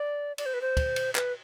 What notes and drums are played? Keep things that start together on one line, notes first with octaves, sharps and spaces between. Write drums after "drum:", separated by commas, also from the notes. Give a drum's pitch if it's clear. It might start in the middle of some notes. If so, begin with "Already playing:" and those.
Already playing: D5
D5, drum: cymbal
C5
B4
C5
drum: kick, cymbal
drum: cymbal
B4, drum: clap